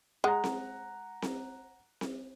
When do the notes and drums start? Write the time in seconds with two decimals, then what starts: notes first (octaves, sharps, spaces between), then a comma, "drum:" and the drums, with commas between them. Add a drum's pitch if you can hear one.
0.24 G#3 F#5 A#5
0.44 drum: snare C4
1.22 drum: snare C4
2.01 drum: snare C4